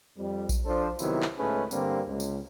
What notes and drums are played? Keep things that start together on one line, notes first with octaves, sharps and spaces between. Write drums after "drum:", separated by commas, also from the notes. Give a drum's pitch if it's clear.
F2 G3
drum: kick A#1, tambourine
F3 D4 A4 C5
C3 D#3 F#3 B3 E4, drum: tambourine
drum: clap
C#2 G#2 A3 C#4 G#4 B4
G2 D3 G3 A#3 C4, drum: tambourine
C#2
drum: tambourine